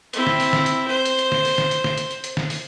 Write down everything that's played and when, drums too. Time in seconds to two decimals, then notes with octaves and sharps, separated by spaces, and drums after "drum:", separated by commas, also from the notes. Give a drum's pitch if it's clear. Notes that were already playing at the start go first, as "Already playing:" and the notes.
0.13 C4 E4, drum: hi-hat
0.27 drum: snare
0.40 drum: open hi-hat
0.53 drum: snare
0.66 drum: hi-hat
0.88 C5
1.05 drum: hi-hat
1.19 drum: hi-hat
1.32 drum: snare
1.45 drum: open hi-hat
1.58 drum: snare
1.71 drum: hi-hat
1.84 drum: snare
1.98 drum: hi-hat
2.11 drum: hi-hat
2.24 drum: hi-hat
2.37 drum: snare
2.50 drum: open hi-hat